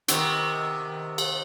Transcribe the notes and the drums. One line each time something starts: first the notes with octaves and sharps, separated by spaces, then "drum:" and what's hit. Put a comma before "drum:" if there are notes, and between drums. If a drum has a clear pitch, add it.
C3 D#3 B3, drum: hi-hat
drum: cymbal